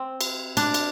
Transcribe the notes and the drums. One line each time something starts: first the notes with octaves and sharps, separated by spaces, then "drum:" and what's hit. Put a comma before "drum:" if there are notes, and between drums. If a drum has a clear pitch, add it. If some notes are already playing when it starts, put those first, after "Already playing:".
Already playing: C4
drum: cymbal
D4, drum: cymbal
drum: cymbal